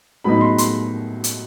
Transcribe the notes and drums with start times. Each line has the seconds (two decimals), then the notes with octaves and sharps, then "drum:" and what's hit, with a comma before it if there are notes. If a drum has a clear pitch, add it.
0.24 A2 F#3 B3 D#4 B5
0.37 B5
0.41 C6
0.58 C6, drum: hi-hat
1.24 drum: hi-hat